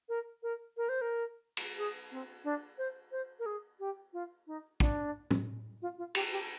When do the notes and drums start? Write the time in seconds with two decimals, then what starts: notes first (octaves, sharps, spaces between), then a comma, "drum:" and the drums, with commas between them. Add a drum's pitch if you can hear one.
0.09 A#4
0.43 A#4
0.77 A#4
0.89 C5
1.01 A#4
1.57 drum: cymbal
1.78 G#4
2.11 C4
2.44 D4
2.78 C5
3.12 C5
3.39 A#4
3.46 G#4
3.80 G4
4.13 F4
4.47 D#4
4.80 D4, drum: kick
5.31 drum: tom
5.82 F4
5.98 F4
6.15 G4, drum: cymbal
6.32 G4